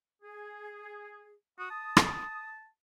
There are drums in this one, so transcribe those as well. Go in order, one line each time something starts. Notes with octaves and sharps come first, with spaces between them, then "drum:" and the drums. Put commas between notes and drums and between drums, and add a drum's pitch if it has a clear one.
G#4
F#4 D#6
A5
drum: rim click